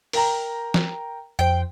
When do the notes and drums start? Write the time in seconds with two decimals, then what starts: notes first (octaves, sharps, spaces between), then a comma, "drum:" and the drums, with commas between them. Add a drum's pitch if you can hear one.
0.13 A#4 G5 A#5, drum: open hi-hat
0.74 drum: snare
1.39 F2 C5 G5